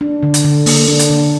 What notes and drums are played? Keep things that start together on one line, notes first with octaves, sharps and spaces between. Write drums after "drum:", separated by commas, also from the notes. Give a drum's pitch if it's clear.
D4
D3
drum: hi-hat
D3
A#3, drum: open hi-hat
D4
drum: hi-hat
D3